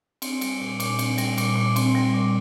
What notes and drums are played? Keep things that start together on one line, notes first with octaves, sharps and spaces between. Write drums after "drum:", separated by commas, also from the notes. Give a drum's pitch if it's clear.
C4, drum: cymbal
G3, drum: cymbal
A#2
A#2, drum: cymbal
C4, drum: cymbal
G3, drum: cymbal
A#2, drum: cymbal
A#2
C4, drum: cymbal
G3
A#2